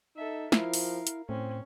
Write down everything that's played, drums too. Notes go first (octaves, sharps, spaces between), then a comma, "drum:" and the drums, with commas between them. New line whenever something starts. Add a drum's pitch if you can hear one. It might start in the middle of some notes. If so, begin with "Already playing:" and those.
D#4 A4 E5
F3 E4 A#4 F5, drum: snare
drum: open hi-hat
drum: hi-hat
A2 C4 C#4